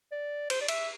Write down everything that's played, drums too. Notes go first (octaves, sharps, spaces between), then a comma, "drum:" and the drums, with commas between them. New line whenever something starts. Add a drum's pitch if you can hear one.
D5
C5, drum: cymbal
D5
E5, drum: cymbal